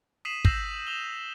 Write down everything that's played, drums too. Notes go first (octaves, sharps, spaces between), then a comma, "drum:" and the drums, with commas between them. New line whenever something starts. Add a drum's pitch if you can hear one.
D#6 B6 C7 D#7 E7 F#7
E6 G6 A#6 C7 E7 F#7, drum: kick
D#6 E7 F7 G7